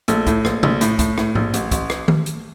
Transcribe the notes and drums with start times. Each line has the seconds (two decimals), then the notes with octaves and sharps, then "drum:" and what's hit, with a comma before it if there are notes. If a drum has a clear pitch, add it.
0.08 A#1 A3, drum: hi-hat
0.27 A2, drum: kick, hi-hat
0.45 A#1, drum: rim click
0.63 A#1, drum: tom
0.81 A2, drum: hi-hat
0.99 A2, drum: kick, hi-hat
1.18 A2, drum: rim click
1.35 A#1, drum: tom G#2
1.54 A1, drum: hi-hat
1.71 A1, drum: kick, hi-hat
1.90 drum: rim click
2.08 drum: tom D#3
2.26 drum: hi-hat